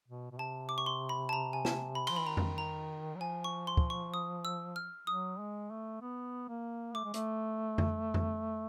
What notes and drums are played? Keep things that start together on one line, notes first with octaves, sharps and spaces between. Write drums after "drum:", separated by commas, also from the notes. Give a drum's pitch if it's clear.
B2
B2
C3 A5
D6
C#6
C6
B5
A5
A#5
G#5
A5, drum: snare
B5
F3 C6, drum: cymbal
E3 B5
D#3 A#5
drum: tom F2
A#5
F#3
F3 G#5
C#6
C6
drum: kick
C#6
D#6
E6
F6
F#3 D#6
G#3
A3
B3
A#3
A3 D6
G#3
A3, drum: hi-hat
drum: tom F2
drum: tom F2